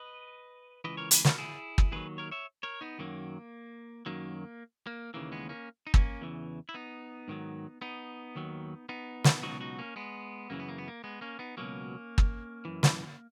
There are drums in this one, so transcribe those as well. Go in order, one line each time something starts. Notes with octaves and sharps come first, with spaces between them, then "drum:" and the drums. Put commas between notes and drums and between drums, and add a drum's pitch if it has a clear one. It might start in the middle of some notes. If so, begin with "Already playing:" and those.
Already playing: B4 D#5
C#2 C#3 E3 B4 D#5
A#4 C#5
G#4 B4, drum: hi-hat
F#4 A#4, drum: snare
E4 G#4
drum: kick
D#2 D#3 F#3 G#4 B4
A#4 C#5
C#5 E5
A#4 C#5
B3 D#4
F#2 D#3 F#3 A#3
F#2 D#3 F#3 A#3
A#3
D#2 C#3 E3 A#3
G#3 B3
A#3 C#4
D#4
A#3 C#4, drum: kick
E2 C#3 E3
E4
B3 D#4
G#2 D#3 F#3
B3 D#4
D#2 D#3 F#3
B3 D#4
drum: snare
C#2 B2 F#3 D#4 F#4
D#4 F#4
A#3 C#4
G#3 B3
F#2 C#3 E3 A#3
B3
A#3
B3
A#3
G#3 B3
A#3 C#4
B3 D#4
C#2 B2 F#3 A#3 C#4
drum: kick
F#2 E3
drum: snare